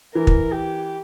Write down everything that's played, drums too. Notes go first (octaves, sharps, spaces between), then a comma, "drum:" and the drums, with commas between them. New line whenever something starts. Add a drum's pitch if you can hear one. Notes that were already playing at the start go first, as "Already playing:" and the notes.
E3 A#4
drum: kick
G4